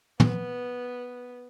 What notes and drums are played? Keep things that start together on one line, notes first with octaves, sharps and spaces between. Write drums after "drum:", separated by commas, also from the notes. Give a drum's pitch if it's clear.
B3, drum: tom